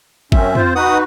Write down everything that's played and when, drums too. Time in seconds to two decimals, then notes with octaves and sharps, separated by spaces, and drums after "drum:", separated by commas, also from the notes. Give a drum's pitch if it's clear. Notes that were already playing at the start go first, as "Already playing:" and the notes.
0.32 F#2 C4 C#4 E5, drum: kick
0.55 C4 F4 C5, drum: tom
0.76 D#4 F#4 B4 F#5 D#6